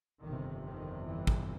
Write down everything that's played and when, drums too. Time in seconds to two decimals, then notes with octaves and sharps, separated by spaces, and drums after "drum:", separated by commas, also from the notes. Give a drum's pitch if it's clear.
0.24 G1 F2 C3 D#3
0.66 D#3
1.07 E3
1.27 drum: kick